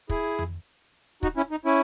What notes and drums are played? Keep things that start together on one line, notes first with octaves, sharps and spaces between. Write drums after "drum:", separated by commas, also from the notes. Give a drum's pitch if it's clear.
E4 G#4, drum: kick
drum: tom F2
D#4 F#4, drum: kick
C#4 E4
D#4
C#4 E4